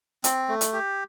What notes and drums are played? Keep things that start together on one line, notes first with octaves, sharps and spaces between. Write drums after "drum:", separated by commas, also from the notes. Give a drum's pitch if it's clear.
C4, drum: hi-hat
A3
drum: hi-hat
G4